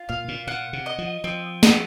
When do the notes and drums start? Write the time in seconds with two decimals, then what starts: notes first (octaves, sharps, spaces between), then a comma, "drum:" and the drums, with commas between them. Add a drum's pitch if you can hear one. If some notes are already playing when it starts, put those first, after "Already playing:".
Already playing: F4
0.09 A#2 F5
0.28 A#2
0.47 A#2 F#5
0.73 C3
0.86 D#5
0.98 F3
1.24 F3 C4
1.63 F#4, drum: snare